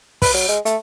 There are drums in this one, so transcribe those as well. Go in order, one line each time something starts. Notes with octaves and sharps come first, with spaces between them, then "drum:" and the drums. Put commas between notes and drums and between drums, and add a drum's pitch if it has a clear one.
B4, drum: kick, open hi-hat
F#3
G#3
A3, drum: hi-hat